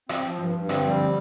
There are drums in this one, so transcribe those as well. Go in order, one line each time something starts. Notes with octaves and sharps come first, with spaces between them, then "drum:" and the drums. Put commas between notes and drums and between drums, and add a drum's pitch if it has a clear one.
C4, drum: rim click
F3
G2 F3
G2
D3 C4, drum: rim click
F3 G3
D3